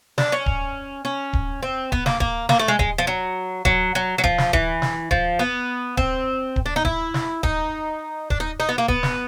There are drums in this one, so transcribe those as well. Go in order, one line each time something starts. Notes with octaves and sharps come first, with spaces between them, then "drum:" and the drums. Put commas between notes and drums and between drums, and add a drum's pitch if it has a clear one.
D4, drum: snare
C#4
drum: kick D1
C#4
drum: kick D1
C4
B3, drum: kick D1
A#3, drum: snare
A#3, drum: kick D1
A#3, drum: snare
A3
G#3
G#3, drum: kick D1
F3
F#3
F#3, drum: kick D1
F#3
F#3
F3, drum: kick D1
drum: snare
E3, drum: kick D1
drum: snare
F3, drum: kick D1
B3
C4, drum: kick D1
drum: kick D1
D4
D#4
E4, drum: kick D1
drum: snare
D#4, drum: kick D1
D4, drum: kick D1
D#4
D#4
B3
A#3
B3, drum: kick D1
drum: snare